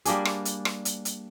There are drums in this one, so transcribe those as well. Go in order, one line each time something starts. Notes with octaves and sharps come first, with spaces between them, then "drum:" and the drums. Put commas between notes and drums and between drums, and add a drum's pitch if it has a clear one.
G3 A#3 D4 G#4, drum: hi-hat
drum: rim click
drum: hi-hat
drum: rim click
drum: hi-hat
drum: hi-hat